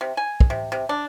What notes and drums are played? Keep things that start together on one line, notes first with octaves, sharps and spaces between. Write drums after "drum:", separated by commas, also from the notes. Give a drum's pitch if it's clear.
C3
G#5
drum: kick
C3
C3
D4